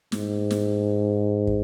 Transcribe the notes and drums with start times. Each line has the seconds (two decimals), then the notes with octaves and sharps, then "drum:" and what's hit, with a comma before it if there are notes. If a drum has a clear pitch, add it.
0.12 G#2, drum: snare
0.51 drum: snare
1.47 drum: kick